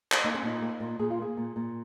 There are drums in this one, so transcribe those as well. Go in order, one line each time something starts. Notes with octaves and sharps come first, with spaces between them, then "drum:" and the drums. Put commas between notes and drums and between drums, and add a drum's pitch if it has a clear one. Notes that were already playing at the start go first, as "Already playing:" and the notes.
drum: clap
A#3 D#4
C#4
A#2 D#4
A#3
A#2
A#2 G#4
F4
A#3 G#4
A#2
A#2